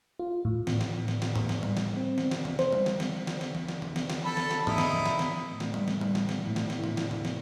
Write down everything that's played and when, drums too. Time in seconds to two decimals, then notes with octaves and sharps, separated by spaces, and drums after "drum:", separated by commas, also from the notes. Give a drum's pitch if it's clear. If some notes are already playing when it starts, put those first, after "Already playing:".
0.19 F4
0.45 A2
0.67 drum: snare
0.81 drum: snare
1.08 drum: snare
1.22 drum: snare
1.36 drum: tom
1.49 drum: snare
1.63 drum: tom G3
1.77 drum: snare
1.97 C4
2.18 drum: snare
2.31 drum: snare
2.45 drum: tom
2.59 C5, drum: snare
2.73 drum: tom G3
2.86 drum: snare
3.00 drum: snare
3.27 drum: snare
3.41 drum: snare
3.55 drum: tom E3
3.68 drum: snare
3.82 drum: tom
3.96 drum: snare
4.10 drum: snare
4.25 A4 B5
4.37 drum: snare
4.51 drum: snare
4.67 D#4 E4, drum: tom
4.78 drum: snare
4.92 drum: tom
5.05 drum: snare
5.19 drum: snare
5.51 A2
5.60 drum: snare
5.74 drum: tom G3
5.88 drum: snare
6.01 drum: tom G3
6.15 drum: snare
6.29 drum: snare
6.40 A2
6.56 drum: snare
6.70 drum: snare
6.84 drum: tom
6.97 drum: snare
7.11 drum: tom
7.25 drum: snare